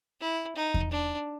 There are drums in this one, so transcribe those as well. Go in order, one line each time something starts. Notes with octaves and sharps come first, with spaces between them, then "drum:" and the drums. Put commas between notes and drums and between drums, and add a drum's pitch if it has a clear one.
E4
D#4
drum: kick E2
D4